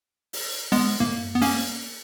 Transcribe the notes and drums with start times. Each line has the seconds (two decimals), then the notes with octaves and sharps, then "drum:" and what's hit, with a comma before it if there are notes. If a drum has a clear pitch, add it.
0.33 drum: open hi-hat
0.72 G#3 B3, drum: open hi-hat
1.00 A#3, drum: tom
1.35 B3
1.42 A#3 C#4, drum: open hi-hat